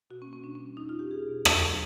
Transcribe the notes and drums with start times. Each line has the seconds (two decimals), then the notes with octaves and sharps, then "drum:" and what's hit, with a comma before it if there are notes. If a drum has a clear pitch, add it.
0.10 B2 F#4
0.22 C#4
0.26 A#3
0.33 C#4
0.43 B2 D4
0.55 C#4
0.60 G3
0.77 E2 D#4
0.89 F4
0.94 G3 G4
1.10 A#3 G#4
1.28 B2
1.45 D2, drum: rim click
1.62 F#3